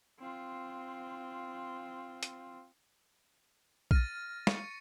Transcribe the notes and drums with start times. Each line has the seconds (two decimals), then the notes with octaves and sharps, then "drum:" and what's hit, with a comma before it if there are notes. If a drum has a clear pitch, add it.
0.19 C4 F4
2.23 drum: hi-hat
3.91 F6 A6 A#6 D#7, drum: kick A#1
4.47 C#6 C#7, drum: snare